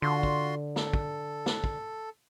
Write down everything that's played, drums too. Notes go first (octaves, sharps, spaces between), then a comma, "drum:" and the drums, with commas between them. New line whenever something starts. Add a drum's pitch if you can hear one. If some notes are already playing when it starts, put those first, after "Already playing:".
D3 F4 F#4 C6
drum: kick
A4, drum: snare
drum: kick
drum: snare
drum: kick